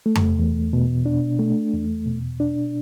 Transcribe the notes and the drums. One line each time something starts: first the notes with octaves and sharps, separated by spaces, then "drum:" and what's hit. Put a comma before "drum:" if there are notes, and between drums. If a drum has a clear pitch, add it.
A3
drum: tom F2
E2
B2
D4
A3
E2
B2
D4